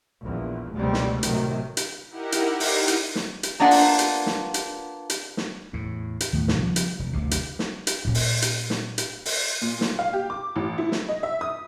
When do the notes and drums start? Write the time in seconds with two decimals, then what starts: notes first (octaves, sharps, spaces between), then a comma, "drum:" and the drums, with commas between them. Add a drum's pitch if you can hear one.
0.21 A#1 E2
0.74 F1 C#2 B2 G3 C4
0.94 drum: snare
1.23 A2 C3 D#3 F#3, drum: hi-hat
1.77 drum: hi-hat
2.10 D#4 E4 G4 A#4 F#5
2.32 drum: hi-hat
2.60 drum: open hi-hat
2.88 drum: hi-hat
3.15 drum: snare
3.43 drum: hi-hat
3.60 A#3 B3 D4 F4 F#5
3.71 drum: open hi-hat
3.99 drum: hi-hat
4.26 drum: snare
4.54 drum: hi-hat
5.10 drum: hi-hat
5.37 drum: snare
5.73 E2 A2
6.20 drum: hi-hat
6.33 D#2 A2 B3
6.48 drum: snare
6.59 C#3 F3 G3 B3
6.76 drum: hi-hat
6.99 E1
7.13 F#1 D2 C3
7.31 drum: hi-hat
7.59 drum: snare
7.87 drum: hi-hat
8.05 A#2 C#4
8.15 drum: open hi-hat
8.42 drum: hi-hat
8.70 drum: snare
8.98 drum: hi-hat
9.25 drum: open hi-hat
9.62 A#2
9.81 drum: snare
9.99 F5
10.13 G4
10.30 D6
10.56 A1
10.78 E4
10.92 drum: snare
11.09 D#5
11.23 E5
11.41 D#6